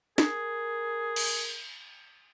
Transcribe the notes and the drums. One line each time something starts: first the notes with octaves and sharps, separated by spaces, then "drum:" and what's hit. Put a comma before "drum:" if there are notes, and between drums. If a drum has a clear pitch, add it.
G#4 A#4, drum: snare
drum: cymbal